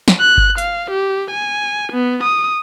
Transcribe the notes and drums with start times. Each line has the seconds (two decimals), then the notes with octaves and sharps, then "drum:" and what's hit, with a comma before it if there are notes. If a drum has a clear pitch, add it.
0.08 drum: snare
0.20 F#6
0.38 drum: kick G1
0.58 F5, drum: hi-hat
0.90 G4
1.31 G#5
1.92 B3
2.23 D#6